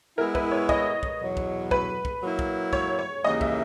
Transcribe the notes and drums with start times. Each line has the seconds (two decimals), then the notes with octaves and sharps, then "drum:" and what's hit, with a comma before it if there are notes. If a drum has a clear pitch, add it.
0.18 G#3 B3 E4 A#4
0.35 B4, drum: kick
0.51 C#5
0.69 D#5, drum: kick
1.03 drum: kick
1.20 E2 B2 F#3
1.37 drum: kick
1.71 B4, drum: kick
2.05 drum: kick
2.22 F#3 A#3 E4
2.39 drum: kick
2.73 C#5, drum: kick
2.99 C#5
3.24 D#2 C#3 E3 A#3 D#4 D#5
3.41 E5, drum: kick